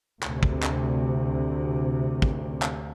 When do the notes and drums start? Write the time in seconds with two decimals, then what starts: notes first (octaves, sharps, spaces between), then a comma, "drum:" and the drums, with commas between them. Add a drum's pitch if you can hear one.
0.23 D2 C3, drum: clap
0.43 drum: kick
0.63 drum: clap
2.22 drum: kick
2.62 drum: clap